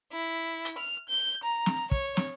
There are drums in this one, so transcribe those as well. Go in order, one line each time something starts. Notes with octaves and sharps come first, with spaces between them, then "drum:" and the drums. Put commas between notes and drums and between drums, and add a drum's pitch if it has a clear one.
E4
drum: hi-hat
F6
G6
A#5
drum: snare
C#5, drum: kick
drum: snare